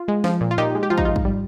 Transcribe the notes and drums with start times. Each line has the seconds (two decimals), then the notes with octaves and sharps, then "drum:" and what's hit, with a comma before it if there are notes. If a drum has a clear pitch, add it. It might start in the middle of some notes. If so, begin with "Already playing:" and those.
Already playing: F4
0.08 G#3
0.24 F3, drum: snare
0.41 A#2
0.51 F4
0.58 A#2 D#4 G4
0.75 G#3
0.83 G4
0.90 F3 F4
0.98 D#4, drum: kick
1.05 G#2 F4
1.16 drum: kick
1.25 G3